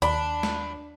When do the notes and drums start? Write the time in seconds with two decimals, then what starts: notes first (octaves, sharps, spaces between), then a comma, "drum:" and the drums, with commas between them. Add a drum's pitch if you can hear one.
0.02 D#2 D4 B5, drum: hi-hat
0.43 drum: snare